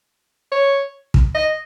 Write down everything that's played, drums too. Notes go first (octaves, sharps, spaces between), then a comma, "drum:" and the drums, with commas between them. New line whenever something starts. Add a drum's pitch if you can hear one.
C#5
drum: kick
D#5